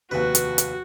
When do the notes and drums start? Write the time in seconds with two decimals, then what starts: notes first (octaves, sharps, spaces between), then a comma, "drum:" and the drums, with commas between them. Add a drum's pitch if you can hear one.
0.11 F1 D#2 F#4 B4
0.35 drum: hi-hat
0.58 drum: hi-hat